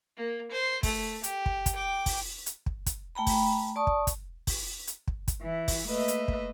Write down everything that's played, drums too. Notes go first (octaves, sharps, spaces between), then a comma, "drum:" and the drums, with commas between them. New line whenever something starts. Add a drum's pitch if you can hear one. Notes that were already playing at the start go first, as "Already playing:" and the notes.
A#3
C5
A3, drum: kick, open hi-hat
G4, drum: hi-hat
drum: kick
drum: kick, hi-hat
G5 D6
drum: kick, open hi-hat
drum: hi-hat
drum: kick
drum: kick, hi-hat
A3 G5 A#5 B5
drum: kick, open hi-hat
D5 A5 C#6 D#6
drum: kick
drum: kick, hi-hat
drum: kick, open hi-hat
drum: hi-hat
drum: kick
drum: kick, hi-hat
E3 E4
drum: kick, open hi-hat
A3 A#3 B4 D#5 E5
drum: hi-hat
drum: kick